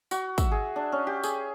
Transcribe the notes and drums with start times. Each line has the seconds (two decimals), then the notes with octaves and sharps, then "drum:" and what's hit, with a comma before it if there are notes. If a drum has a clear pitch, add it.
0.11 F#4, drum: tambourine
0.38 E5, drum: kick, tambourine
0.51 G#4
0.76 D4
0.92 C#4
1.07 G4
1.24 G#4, drum: tambourine